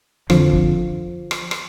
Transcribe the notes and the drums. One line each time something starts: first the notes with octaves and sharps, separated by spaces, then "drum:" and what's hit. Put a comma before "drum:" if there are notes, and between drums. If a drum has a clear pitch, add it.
F2 D3 F3, drum: rim click
drum: kick
drum: rim click
drum: rim click